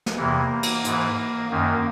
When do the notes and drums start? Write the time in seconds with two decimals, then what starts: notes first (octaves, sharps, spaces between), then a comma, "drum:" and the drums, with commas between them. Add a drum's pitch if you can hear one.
0.06 drum: snare
0.17 E2 C3 E3 A#3
0.63 drum: cymbal
0.84 G#2 E3, drum: hi-hat
1.51 F#2 D#3 A#3